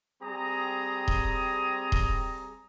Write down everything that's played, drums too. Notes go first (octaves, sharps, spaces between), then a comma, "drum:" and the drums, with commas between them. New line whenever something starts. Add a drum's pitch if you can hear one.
G3 C4 G#4 A#5 D#6
drum: kick D#1
drum: kick D#1